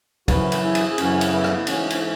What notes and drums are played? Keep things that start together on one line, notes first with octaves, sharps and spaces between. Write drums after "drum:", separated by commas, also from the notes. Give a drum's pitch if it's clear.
F#2 E3 F#4 B4, drum: kick, cymbal
drum: cymbal
E4 G#4
drum: cymbal
G#4
F#2 C#3 E3 C#4 F#4, drum: cymbal
drum: cymbal
B3 E4
drum: rim click
G#2 E3 C#4 F#4, drum: cymbal
drum: cymbal